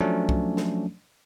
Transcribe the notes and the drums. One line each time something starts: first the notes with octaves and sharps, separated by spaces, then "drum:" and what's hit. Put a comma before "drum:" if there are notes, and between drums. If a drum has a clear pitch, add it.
F3 F#3 A3 C#4 D4
drum: kick C2
drum: snare